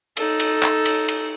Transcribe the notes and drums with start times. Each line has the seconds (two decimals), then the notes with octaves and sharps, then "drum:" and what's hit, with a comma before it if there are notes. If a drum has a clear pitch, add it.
0.17 D#4 A4, drum: cymbal
0.40 drum: cymbal
0.63 drum: clap
0.85 drum: cymbal
1.08 drum: cymbal